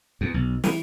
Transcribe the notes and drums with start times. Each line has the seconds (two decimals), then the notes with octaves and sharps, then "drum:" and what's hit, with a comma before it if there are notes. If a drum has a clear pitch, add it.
0.21 E2
0.34 B1
0.64 E3, drum: snare